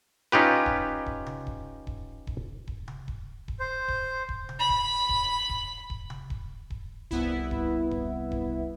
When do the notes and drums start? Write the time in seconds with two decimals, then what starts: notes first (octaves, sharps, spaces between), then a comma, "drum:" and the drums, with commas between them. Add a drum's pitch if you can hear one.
0.32 C#4 D#4 F4 G4 B4
0.66 drum: kick D#1
1.06 drum: kick D#1
1.26 drum: tom C3
1.47 drum: kick D#1
1.87 drum: kick D#1
2.27 drum: kick D#1
2.67 drum: kick D#1
2.88 drum: tom C3
3.08 drum: kick D#1
3.48 drum: kick D#1
3.60 C5
3.88 drum: kick D#1
4.29 drum: kick D#1
4.49 drum: tom C3
4.60 B5
4.69 drum: kick D#1
5.09 drum: kick D#1
5.49 drum: kick D#1
5.90 drum: kick D#1
6.10 drum: tom C3
6.30 drum: kick D#1
6.70 drum: kick D#1
7.11 C2 B3 E4, drum: kick D#1
7.51 drum: kick D#1
7.91 drum: kick D#1
8.32 drum: kick D#1